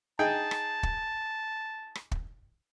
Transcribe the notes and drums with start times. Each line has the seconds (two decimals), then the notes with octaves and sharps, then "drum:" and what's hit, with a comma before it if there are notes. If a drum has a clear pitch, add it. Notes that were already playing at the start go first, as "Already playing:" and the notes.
0.19 D#4 G#4 G5 A5
0.51 drum: rim click
0.83 drum: kick
1.95 drum: rim click
2.11 drum: kick